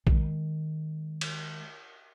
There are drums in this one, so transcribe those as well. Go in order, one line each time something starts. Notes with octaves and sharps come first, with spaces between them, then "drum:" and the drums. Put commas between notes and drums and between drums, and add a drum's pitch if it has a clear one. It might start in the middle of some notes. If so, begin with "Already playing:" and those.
D#3 G#3, drum: kick A#1
drum: cymbal